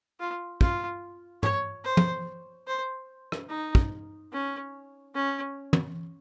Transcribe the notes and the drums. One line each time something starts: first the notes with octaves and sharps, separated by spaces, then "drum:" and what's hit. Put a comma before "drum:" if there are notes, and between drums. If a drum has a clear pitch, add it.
F4
F4, drum: kick
C#5, drum: tom
C5
drum: tom
C5
drum: rim click
D#4
drum: kick
C#4
C#4
drum: tom